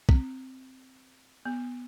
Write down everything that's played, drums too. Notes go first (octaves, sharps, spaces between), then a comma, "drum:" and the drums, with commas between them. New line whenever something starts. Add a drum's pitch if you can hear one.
C4, drum: kick
B3